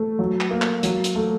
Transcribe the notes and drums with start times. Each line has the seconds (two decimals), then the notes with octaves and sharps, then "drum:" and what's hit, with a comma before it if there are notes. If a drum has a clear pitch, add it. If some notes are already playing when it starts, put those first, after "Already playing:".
Already playing: A3
0.19 F#3
0.41 drum: clap
0.51 A#3
0.62 drum: clap
0.83 F#3, drum: hi-hat
1.04 drum: hi-hat
1.15 A3